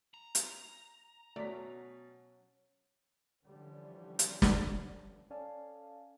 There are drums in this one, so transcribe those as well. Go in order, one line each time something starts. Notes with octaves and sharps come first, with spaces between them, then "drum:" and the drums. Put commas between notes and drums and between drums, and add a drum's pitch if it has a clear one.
A#5
drum: hi-hat
B2 F#3 A3 C#4 D5 B6
D3 E3 F3 G3 C#4
drum: hi-hat
drum: snare
C#4 A4 D5 F5 G#5 A5